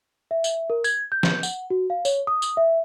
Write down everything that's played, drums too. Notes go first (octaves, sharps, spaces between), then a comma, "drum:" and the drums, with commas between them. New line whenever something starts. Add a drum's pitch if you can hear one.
E5
drum: tambourine
A#4
G#6, drum: tambourine
G6
drum: snare
F#5, drum: tambourine
F#4
F5
C#5, drum: tambourine
D#6
drum: tambourine
E5